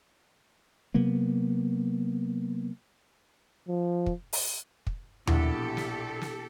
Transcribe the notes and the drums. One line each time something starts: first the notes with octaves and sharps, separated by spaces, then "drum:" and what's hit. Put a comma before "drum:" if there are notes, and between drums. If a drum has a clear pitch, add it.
C3 F#3 A#3 B3
F3
drum: kick
drum: open hi-hat
drum: kick
A#1 B2 E4 G4 A4 F#5, drum: tom D#2
drum: snare
drum: snare